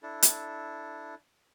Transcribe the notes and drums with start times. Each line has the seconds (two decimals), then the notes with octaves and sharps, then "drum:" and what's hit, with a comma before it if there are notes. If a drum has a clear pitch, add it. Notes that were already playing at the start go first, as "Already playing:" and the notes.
0.03 D4 E4 A4
0.23 drum: hi-hat